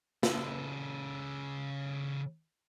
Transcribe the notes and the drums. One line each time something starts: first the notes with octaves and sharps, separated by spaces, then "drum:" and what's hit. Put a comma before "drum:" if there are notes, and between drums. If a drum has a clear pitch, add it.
C#3 A4, drum: snare